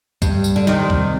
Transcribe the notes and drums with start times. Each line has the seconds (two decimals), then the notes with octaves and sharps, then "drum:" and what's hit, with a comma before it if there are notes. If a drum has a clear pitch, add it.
0.22 G2, drum: kick, tambourine
0.44 drum: tambourine
0.56 D3
0.67 C3 D#3, drum: snare
0.90 drum: kick